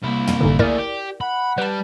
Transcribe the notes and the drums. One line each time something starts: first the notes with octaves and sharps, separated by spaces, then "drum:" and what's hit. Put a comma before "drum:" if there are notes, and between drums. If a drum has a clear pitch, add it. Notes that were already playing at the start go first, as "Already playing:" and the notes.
C2 A#3 E4
drum: tom
G1 G#2 D3
A3 E4 G#4 A#4 D5, drum: kick
G4
F#5 B5
G3 B4 A5